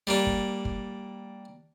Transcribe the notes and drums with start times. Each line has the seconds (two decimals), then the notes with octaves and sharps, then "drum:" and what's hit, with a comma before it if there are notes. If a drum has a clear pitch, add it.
0.07 G3 A#3 D4
0.26 drum: kick G1
0.65 drum: kick G1